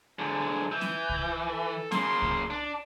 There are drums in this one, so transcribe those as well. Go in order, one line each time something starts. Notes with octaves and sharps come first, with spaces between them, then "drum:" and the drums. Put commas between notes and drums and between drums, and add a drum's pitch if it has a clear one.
G#2 D3 G#5
E3 G6
drum: snare
drum: kick C2
A4
C#3 A#3 C6, drum: snare
drum: kick C2
D4